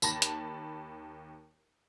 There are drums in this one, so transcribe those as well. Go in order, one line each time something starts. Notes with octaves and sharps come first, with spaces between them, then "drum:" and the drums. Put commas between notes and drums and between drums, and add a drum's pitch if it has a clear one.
D#2 A5 B5 A#6, drum: tambourine
drum: hi-hat